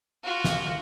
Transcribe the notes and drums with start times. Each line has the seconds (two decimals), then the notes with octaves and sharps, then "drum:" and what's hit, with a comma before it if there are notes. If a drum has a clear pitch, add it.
0.24 F4 F#4
0.44 drum: snare